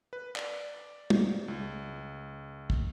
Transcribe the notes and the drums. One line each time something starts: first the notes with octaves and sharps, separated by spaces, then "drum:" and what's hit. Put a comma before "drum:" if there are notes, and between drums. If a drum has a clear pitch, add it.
B4
D5, drum: clap
drum: tom
C#2
drum: kick